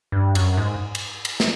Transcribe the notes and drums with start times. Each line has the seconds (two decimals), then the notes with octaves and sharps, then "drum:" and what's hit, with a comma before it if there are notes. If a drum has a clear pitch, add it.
0.12 G2
0.35 F#2, drum: cymbal
0.57 G#2
0.95 drum: cymbal
1.25 drum: cymbal
1.40 drum: snare